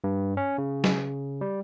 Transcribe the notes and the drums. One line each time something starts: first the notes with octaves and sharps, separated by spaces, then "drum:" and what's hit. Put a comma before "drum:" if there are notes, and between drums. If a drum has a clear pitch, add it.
G2
C#4
C#3
drum: snare
G3